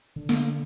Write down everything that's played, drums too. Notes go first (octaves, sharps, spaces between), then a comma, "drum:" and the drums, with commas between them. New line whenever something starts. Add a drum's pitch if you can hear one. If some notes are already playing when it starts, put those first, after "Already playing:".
D3
drum: snare